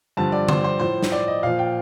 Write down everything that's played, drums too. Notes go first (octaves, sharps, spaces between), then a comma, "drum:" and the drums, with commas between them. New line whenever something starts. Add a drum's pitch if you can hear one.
G2 D3 F3 A5
D5
C5, drum: tom D3
C5
A2 F3 C5
drum: snare
D5
D#5
A#2 F3 F5
G5